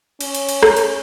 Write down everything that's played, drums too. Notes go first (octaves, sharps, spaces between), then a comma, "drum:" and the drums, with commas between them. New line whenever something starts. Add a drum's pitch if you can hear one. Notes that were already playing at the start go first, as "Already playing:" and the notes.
C#4, drum: cymbal
drum: cymbal
drum: cymbal
drum: rim click
drum: cymbal